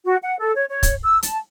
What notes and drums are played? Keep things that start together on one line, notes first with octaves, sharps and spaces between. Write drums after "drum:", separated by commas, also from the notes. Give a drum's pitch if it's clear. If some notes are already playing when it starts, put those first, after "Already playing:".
F#4
F#5
A4
C#5
C#5
drum: kick, hi-hat
E6
A5, drum: hi-hat